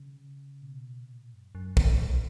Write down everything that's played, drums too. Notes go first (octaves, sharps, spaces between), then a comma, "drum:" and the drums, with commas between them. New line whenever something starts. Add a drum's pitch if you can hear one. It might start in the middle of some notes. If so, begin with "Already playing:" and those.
Already playing: C#3
A#2
B2
A#2
F#2
F#2
G2, drum: kick
A#2